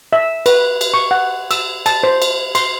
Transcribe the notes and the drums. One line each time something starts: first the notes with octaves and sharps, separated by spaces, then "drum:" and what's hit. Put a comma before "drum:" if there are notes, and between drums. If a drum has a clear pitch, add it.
E5
B4, drum: cymbal
drum: cymbal
C#6
F#5
E6, drum: cymbal
A5, drum: cymbal
C5
drum: cymbal
C6, drum: cymbal